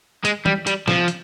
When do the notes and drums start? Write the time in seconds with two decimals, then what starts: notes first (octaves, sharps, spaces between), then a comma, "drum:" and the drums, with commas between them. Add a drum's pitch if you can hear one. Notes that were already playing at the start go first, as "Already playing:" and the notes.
0.25 G#3, drum: hi-hat
0.46 G3, drum: tom
0.67 G3, drum: hi-hat
0.88 F3, drum: snare
1.08 drum: hi-hat